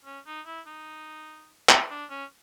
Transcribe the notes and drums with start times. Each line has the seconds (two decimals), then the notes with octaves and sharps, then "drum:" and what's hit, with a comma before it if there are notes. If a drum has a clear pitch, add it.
0.05 C#4
0.27 D#4
0.46 E4
0.67 D#4
1.69 drum: clap
1.90 D4
2.10 C#4